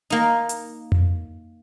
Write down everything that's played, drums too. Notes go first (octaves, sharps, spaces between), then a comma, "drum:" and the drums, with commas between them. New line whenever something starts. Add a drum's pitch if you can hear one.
A#3 D#4
drum: hi-hat
drum: tom F2